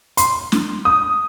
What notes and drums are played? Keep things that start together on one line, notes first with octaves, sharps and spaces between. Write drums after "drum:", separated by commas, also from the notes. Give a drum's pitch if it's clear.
C6, drum: hi-hat
drum: snare
D#6